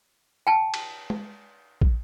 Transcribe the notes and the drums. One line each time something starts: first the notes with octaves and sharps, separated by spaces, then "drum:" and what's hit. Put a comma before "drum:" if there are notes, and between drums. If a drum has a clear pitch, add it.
G5 A5
drum: cymbal
drum: tom G#3
drum: kick